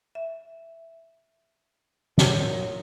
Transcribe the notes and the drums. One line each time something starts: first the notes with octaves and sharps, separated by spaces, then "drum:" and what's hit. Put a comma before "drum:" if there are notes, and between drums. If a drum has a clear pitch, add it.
E5
A#2 F#3 D#4, drum: snare